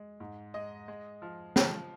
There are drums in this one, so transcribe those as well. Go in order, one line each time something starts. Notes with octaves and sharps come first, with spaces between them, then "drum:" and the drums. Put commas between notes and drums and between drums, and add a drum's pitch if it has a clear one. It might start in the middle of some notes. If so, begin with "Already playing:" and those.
Already playing: G#3
G#2
G#3 D#5
G#3
F3
F3, drum: snare